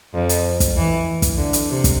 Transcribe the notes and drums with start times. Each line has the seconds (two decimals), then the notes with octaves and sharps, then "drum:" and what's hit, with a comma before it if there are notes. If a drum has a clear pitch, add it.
0.14 F2
0.29 drum: hi-hat
0.60 drum: kick, hi-hat
0.76 E3
1.22 drum: kick, hi-hat
1.37 D3
1.53 drum: hi-hat
1.69 C3
1.84 drum: kick, hi-hat